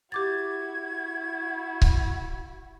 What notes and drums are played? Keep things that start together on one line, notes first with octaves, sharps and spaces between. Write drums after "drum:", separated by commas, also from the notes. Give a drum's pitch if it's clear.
E4 F#4 G4 D6 G#6 A6
drum: kick C#1